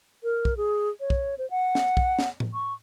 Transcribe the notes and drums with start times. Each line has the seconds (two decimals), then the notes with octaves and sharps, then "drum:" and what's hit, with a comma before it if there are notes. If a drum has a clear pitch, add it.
0.24 A#4
0.45 drum: kick
0.57 G#4
1.00 C#5
1.10 drum: kick
1.38 C5
1.50 F#5
1.75 drum: snare
1.97 drum: kick
2.19 drum: snare
2.40 drum: tom A2
2.54 C#6